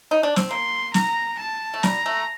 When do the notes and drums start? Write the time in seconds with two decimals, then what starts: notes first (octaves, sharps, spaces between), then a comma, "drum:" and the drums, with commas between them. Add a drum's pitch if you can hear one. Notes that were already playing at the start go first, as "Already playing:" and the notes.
0.11 D#4
0.23 D4
0.36 C4, drum: snare
0.50 A#3 C6
0.94 A#5, drum: snare
1.39 A5
1.74 A3
1.83 G3 A#5, drum: snare
2.06 A3